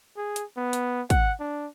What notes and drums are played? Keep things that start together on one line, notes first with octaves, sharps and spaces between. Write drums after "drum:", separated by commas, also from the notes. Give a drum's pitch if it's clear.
G#4
drum: hi-hat
B3
drum: hi-hat
F#5, drum: kick, hi-hat
D4